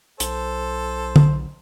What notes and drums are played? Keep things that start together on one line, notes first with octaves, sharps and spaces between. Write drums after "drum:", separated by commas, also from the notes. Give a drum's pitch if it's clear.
B1 A4 C5, drum: hi-hat
drum: tom